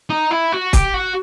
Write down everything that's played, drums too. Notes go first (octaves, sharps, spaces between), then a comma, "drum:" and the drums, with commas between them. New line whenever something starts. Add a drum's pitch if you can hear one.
D#4
E4
F#4
G4, drum: kick, hi-hat
F#4